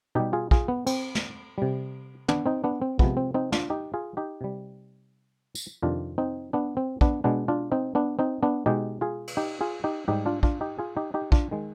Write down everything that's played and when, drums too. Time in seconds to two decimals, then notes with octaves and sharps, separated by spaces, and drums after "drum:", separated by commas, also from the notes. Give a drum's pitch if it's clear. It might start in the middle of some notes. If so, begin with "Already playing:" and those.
0.15 B2 G3 D#4 G4
0.33 F4 G#4
0.51 F4 G#4, drum: kick
0.68 B3
0.87 C4, drum: cymbal
1.15 drum: snare
1.58 C3 G3
2.28 B3 D4, drum: tom
2.46 C4 D#4
2.64 B3 D4
2.82 C4
2.99 C3 F3 G#3 B3, drum: kick
3.17 C4
3.34 C4 D#4
3.52 D4 F4, drum: snare
3.70 D#4 G4
3.94 F4 G#4
4.17 D#4 G4
4.41 C3 G3
5.55 drum: tambourine
5.82 F2 C3 D#3 D4 F4
6.18 C4 D#4
6.53 B3 D4
6.77 C4
7.01 B3 D4, drum: kick
7.24 B2 G#3 B3 D4
7.48 D4 F4
7.72 C4 D#4
7.95 B3 D4
8.19 C4 D#4
8.43 B3 D4
8.66 B2 G#3 D#4 G4
9.01 F4 G#4
9.27 drum: cymbal
9.37 D#4 G4
9.61 F4 G#4
9.84 D#4 G4
10.08 G#2 G3 D#4 G4
10.26 D4 F4
10.43 D4 F4, drum: kick
10.61 D#4 G4
10.79 F4 G#4
10.97 D#4 G4
11.14 D#4 G4
11.32 D4 F4, drum: kick
11.51 D#3 G#3